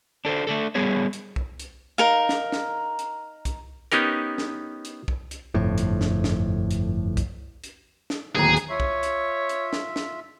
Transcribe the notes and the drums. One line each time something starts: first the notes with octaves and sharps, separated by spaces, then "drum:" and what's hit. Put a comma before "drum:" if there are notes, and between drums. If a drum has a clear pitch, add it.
D4 A4 A#4 C5
A3 D4 A4
G3 B3 G#4 C#5
drum: hi-hat
drum: kick
drum: hi-hat
D#4 A#4 F5
drum: snare
drum: snare
drum: hi-hat
drum: kick, hi-hat
B3 C#4 D#4 G4 A#4, drum: hi-hat
drum: snare
drum: hi-hat
drum: kick
drum: hi-hat
G1 F2 A2
drum: hi-hat
drum: snare
drum: snare
drum: hi-hat
drum: kick, hi-hat
drum: hi-hat
drum: snare
D1 D#2 G#4 A#5
drum: hi-hat
F4 C#5 E5
drum: kick
drum: hi-hat
drum: hi-hat
drum: snare
drum: snare